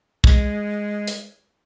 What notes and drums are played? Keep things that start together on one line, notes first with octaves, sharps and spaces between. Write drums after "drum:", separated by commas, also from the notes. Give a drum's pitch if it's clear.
G#3, drum: kick
drum: hi-hat